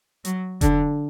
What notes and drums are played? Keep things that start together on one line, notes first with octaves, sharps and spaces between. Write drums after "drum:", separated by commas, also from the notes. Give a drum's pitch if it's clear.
F#3, drum: hi-hat
D3, drum: kick F1, hi-hat